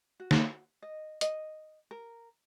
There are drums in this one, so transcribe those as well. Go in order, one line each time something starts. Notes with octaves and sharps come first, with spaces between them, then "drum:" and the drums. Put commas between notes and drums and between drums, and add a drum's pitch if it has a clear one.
F#4
drum: snare
D#5
D#5, drum: hi-hat
A#4